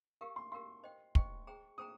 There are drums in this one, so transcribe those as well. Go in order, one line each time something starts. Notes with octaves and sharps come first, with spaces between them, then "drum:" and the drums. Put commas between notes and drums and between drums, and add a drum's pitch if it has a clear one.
G4 A#4 F5 C#6
C6
G4 A#4 F5 C6
C5 D#5 G5
C5 D#5 G5 C#6, drum: kick
G#4 C5 G5 A#5
G#4 C5 G5 A#5 D#6